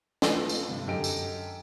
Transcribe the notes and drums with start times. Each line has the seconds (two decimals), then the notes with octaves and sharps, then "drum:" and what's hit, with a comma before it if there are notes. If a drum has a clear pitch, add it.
0.22 E3 F3 A3 A4 B4, drum: snare
0.49 drum: tambourine
0.69 G2 C3
0.87 F#2 D3 G4 A4 D#5 D7
1.04 drum: tambourine